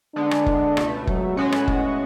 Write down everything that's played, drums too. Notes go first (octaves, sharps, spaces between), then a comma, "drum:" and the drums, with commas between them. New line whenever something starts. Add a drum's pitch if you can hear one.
D3 G#3 B3 D4
drum: rim click
drum: kick
C#2 B2 A3, drum: rim click
F#3, drum: kick
A2 G#3 B3 C#4 F#4
drum: rim click
drum: kick